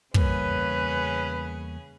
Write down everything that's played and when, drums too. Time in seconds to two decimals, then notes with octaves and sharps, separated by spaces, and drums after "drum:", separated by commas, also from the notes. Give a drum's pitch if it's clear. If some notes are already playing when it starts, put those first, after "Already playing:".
0.14 E2 C#3 G3 A#3 C#4 G#4 B4, drum: kick